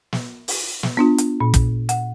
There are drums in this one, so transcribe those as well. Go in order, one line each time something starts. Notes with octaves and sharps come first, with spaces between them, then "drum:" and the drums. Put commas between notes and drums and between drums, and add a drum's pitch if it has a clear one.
drum: snare
drum: open hi-hat
drum: snare
B3 D4 F4
drum: hi-hat
A#2
drum: kick, hi-hat
F#5, drum: hi-hat